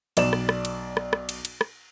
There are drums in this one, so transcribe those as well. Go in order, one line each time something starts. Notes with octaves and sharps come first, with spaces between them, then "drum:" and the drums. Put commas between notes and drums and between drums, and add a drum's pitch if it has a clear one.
B1 D5 E7, drum: cymbal
drum: rim click
drum: rim click
drum: cymbal
drum: rim click
drum: rim click
drum: cymbal
drum: cymbal
drum: rim click